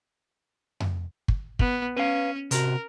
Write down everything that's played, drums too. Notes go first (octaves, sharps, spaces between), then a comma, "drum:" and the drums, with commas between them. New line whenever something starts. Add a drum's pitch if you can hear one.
drum: tom F2
drum: kick
B3, drum: kick
C#4 B4 F5
C3 F#4 A#4, drum: hi-hat